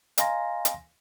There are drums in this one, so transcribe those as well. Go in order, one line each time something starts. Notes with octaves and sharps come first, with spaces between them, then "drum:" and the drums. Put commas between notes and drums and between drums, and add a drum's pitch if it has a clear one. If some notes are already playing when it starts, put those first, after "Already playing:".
D#5 F5 G#5 A#5 C6 A#6, drum: hi-hat
drum: hi-hat